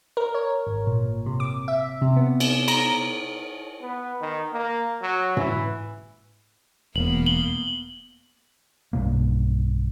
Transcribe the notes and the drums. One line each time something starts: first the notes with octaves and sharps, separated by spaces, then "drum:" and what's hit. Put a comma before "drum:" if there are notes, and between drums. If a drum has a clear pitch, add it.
A#4
C#5
G#1
A#2
C3
D6
E5
C3
B3
E7, drum: cymbal
A#5, drum: cymbal
B3
D#3
A#3
F#3
E3, drum: tom
E1 A#3 B3 F#7
F#7 G7
B1 G2 B2 A#3